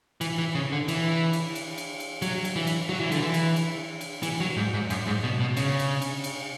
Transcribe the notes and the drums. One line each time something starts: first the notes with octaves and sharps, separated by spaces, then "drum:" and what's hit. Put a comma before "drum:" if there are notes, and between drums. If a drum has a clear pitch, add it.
E3, drum: cymbal
E3
C#3
D3
E3, drum: cymbal
drum: cymbal
drum: cymbal
drum: cymbal
drum: cymbal
F#3, drum: cymbal
drum: cymbal
E3
drum: cymbal
F#3
E3
D3, drum: cymbal
E3
drum: cymbal
drum: cymbal
drum: cymbal
E3, drum: cymbal
F#3
G#2
G#2
F#2, drum: cymbal
G#2
B2
B2
C#3, drum: cymbal
drum: cymbal
drum: cymbal
drum: cymbal